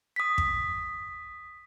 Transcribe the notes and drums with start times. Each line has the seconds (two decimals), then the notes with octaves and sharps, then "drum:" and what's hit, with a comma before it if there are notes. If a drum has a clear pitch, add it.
0.16 D#6 B6
0.38 drum: kick